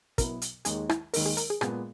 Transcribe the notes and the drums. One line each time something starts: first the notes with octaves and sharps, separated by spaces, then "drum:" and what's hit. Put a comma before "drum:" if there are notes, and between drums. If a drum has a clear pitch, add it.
B2 F#3 B3 E4 A#4, drum: kick, hi-hat
drum: hi-hat
D#2 D#3 G#3 D#4 G#4, drum: hi-hat
E4, drum: rim click
D#2 D#3 G#3 D#4 A#4, drum: open hi-hat
G#4
A#4, drum: hi-hat
G#4
A#2 G#3 B3 G#4, drum: rim click